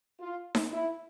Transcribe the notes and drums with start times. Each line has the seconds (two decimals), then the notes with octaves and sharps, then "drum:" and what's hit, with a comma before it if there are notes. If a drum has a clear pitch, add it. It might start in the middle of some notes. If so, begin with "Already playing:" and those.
0.20 F4
0.55 drum: snare D#4
0.72 E4